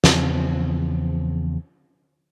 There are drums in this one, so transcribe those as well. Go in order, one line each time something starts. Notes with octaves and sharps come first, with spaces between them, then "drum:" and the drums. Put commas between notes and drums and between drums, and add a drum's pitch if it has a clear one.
E2 C#3 F3 C4, drum: snare